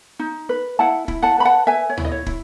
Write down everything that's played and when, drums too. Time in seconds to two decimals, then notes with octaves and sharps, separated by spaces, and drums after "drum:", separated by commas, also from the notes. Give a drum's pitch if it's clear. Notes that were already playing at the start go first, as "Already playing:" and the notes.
0.19 D#4
0.49 B4
0.79 E4 F#5 A5
1.08 E4, drum: kick
1.23 F#5 A5
1.38 B4 B5
1.45 F#5 A5
1.67 B4 E5 G#5
1.90 C#5
1.97 E4, drum: tom D2
2.05 D#5
2.12 C#5
2.26 E4, drum: kick